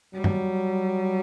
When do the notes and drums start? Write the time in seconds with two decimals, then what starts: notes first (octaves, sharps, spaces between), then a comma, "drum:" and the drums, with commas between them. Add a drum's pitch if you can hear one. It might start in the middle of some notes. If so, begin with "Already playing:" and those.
0.15 F#3 G3
0.24 drum: tom